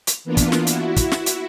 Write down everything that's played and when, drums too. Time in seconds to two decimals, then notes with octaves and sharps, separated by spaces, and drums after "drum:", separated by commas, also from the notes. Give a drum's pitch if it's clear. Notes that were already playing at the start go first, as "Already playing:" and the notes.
0.07 drum: hi-hat
0.24 E3 A#3 B3 D4 F4
0.37 drum: kick, hi-hat
0.52 drum: snare
0.67 E4 F#4, drum: hi-hat
0.97 drum: kick, hi-hat
1.12 drum: snare
1.26 drum: hi-hat